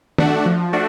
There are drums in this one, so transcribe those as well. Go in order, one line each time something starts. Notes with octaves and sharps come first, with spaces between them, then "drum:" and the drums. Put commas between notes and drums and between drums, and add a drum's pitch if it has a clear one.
A3 D4 F#4, drum: tom
F3
A3 D4 F#4